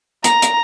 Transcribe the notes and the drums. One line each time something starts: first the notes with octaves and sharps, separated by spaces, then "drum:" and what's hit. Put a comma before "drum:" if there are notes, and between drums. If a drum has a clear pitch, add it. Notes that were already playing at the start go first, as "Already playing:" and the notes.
A#5, drum: hi-hat
drum: hi-hat